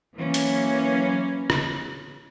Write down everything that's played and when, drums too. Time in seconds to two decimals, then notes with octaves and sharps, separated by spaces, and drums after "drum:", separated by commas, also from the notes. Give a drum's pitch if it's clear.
0.17 E3 F#3 A#3 C#4
0.34 drum: hi-hat
1.50 drum: rim click